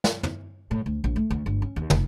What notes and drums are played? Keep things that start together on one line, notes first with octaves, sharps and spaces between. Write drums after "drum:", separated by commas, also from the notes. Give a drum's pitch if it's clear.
drum: snare
drum: tom
A2
D2
A#1
A3
D2
G1
C#4
D#2
F1, drum: tom